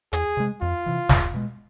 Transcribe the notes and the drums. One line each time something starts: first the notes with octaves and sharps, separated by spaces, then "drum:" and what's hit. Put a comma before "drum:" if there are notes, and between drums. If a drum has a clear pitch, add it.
E2 G#4, drum: hi-hat
C3 G#3
F2 F4
C3 E3
E2, drum: snare
B2 G#3